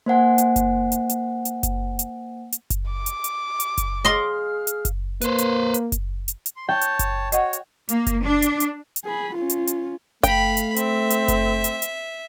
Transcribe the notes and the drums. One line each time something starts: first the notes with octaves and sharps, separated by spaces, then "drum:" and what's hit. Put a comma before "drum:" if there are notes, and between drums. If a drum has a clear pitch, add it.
A#3 C5 F#5 G#5
drum: hi-hat
drum: kick F#1, hi-hat
drum: hi-hat
drum: hi-hat
drum: hi-hat
drum: kick F#1, hi-hat
drum: hi-hat
drum: hi-hat
drum: kick F#1, hi-hat
D6
drum: hi-hat
drum: hi-hat
drum: hi-hat
drum: kick F#1, hi-hat
G#4 D#5 F5 C6 F6
drum: hi-hat
drum: kick F#1, hi-hat
A#3 B4 C5, drum: hi-hat
drum: hi-hat
drum: hi-hat
drum: kick F#1, hi-hat
drum: hi-hat
drum: hi-hat
C6
C#5 G5 A5
drum: hi-hat
drum: kick F#1, hi-hat
F#4 C#5 D#5 F#5, drum: hi-hat
drum: hi-hat
A#3, drum: hi-hat
drum: kick F#1, hi-hat
D4
drum: hi-hat
drum: hi-hat
drum: hi-hat
G#4 B5
C#4 F4
drum: hi-hat
drum: hi-hat
A3 F5 G5 B5, drum: kick F#1, hi-hat
drum: hi-hat
C4 E5, drum: hi-hat
drum: hi-hat
drum: kick F#1, hi-hat
drum: hi-hat
drum: hi-hat